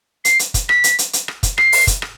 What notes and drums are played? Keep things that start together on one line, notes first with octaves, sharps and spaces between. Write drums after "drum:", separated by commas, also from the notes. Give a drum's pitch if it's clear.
C7, drum: hi-hat
drum: hi-hat
drum: kick, hi-hat
B6, drum: rim click
drum: hi-hat
drum: hi-hat
drum: hi-hat
drum: rim click
drum: kick, hi-hat
C7, drum: rim click
drum: open hi-hat
drum: kick, hi-hat
drum: rim click